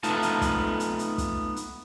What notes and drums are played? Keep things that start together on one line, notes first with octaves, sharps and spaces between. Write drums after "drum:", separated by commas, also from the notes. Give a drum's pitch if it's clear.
A3 B3 D#4 F4 A5, drum: hi-hat
drum: hi-hat
drum: kick, hi-hat
drum: hi-hat
drum: hi-hat
drum: kick, hi-hat
drum: hi-hat